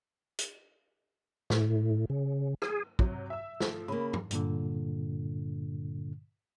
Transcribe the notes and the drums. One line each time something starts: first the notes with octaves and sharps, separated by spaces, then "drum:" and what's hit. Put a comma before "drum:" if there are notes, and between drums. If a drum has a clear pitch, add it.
drum: hi-hat
A2, drum: snare
C#3
G#4, drum: rim click
C3 F#3, drum: kick
E5 E6
F3 A3, drum: snare
C#3 A#3 B5
drum: tom G2
G2 A#2 D3, drum: hi-hat